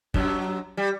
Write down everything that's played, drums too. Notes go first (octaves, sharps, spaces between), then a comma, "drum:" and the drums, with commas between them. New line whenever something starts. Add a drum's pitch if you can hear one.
F#2 F#3, drum: kick
G3